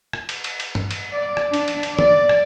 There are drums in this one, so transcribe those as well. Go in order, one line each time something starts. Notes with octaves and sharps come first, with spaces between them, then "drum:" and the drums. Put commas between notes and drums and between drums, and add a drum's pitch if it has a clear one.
drum: rim click
drum: cymbal
drum: cymbal
drum: cymbal
drum: tom G2
drum: cymbal
D5
drum: rim click
D4, drum: cymbal
drum: cymbal
drum: cymbal
D5, drum: tom
drum: rim click